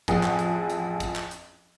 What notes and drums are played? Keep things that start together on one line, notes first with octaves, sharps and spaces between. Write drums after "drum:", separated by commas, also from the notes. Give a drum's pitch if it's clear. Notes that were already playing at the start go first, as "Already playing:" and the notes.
A1 F2 F3 G#4 F#5 D#6, drum: kick, hi-hat
drum: clap
drum: hi-hat
drum: hi-hat
drum: kick, hi-hat
drum: clap
drum: hi-hat